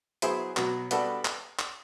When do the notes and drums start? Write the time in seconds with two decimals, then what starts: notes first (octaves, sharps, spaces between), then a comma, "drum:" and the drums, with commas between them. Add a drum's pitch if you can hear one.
0.22 F#3 B3 E4 G#4 C5, drum: hi-hat
0.57 B2 F#3 B3, drum: clap
0.91 G3 B3 D4 F#4 A4, drum: hi-hat
1.25 drum: clap
1.59 drum: clap